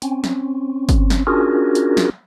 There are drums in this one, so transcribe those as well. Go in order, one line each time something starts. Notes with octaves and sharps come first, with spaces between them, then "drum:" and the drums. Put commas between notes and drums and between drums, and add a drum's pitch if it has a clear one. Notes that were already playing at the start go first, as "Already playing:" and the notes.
C4 C#4, drum: hi-hat
drum: snare
drum: kick, hi-hat
drum: snare
C#4 D4 F4 F#4 G#4 A#4
drum: hi-hat
drum: snare